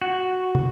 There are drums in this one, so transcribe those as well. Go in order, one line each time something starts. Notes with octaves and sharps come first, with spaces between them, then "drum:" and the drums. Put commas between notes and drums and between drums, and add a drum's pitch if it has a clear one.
F#4
drum: tom